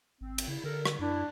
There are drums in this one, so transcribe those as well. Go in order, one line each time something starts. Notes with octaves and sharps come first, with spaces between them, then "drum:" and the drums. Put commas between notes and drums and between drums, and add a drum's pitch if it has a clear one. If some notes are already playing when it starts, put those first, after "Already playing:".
G#1 C4
drum: cymbal
C#3 E4
D3 A4 A#4
drum: rim click
F#2 D4 E4